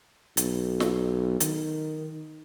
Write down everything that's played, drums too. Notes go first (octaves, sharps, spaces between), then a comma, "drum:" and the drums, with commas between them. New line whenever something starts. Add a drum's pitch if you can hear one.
B1, drum: hi-hat
drum: snare
D#3, drum: hi-hat